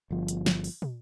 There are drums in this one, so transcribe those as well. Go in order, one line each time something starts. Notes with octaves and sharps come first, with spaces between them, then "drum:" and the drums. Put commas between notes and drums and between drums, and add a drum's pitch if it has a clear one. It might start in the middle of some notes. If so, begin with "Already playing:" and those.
G1 F3
drum: hi-hat
drum: snare
drum: open hi-hat
drum: tom